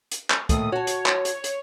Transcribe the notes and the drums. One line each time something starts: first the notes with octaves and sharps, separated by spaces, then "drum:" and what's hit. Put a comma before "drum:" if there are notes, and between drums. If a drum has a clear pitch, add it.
drum: hi-hat
drum: clap
D#2 A2 A3 D#6, drum: kick, hi-hat
F#4 C#5 A5
drum: hi-hat
drum: clap
drum: hi-hat
drum: hi-hat